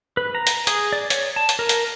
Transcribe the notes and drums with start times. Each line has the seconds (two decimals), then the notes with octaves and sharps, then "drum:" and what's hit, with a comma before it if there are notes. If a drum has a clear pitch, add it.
0.17 B4
0.35 A#5
0.47 drum: hi-hat
0.67 G#4, drum: hi-hat
0.93 D5
1.10 C#5, drum: hi-hat
1.36 A5
1.49 drum: hi-hat
1.59 A#4
1.69 drum: hi-hat